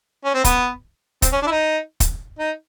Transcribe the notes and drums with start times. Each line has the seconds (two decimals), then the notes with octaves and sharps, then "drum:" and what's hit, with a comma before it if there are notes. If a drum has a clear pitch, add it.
0.25 C#4
0.34 C4
0.44 B3, drum: kick, hi-hat
1.22 C4, drum: kick, hi-hat
1.32 C#4
1.42 D4
1.47 E4
1.51 D#4
2.00 drum: kick, hi-hat
2.39 D#4